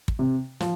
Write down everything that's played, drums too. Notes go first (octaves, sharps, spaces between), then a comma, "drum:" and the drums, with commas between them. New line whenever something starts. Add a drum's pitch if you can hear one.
drum: kick
C3
F3, drum: snare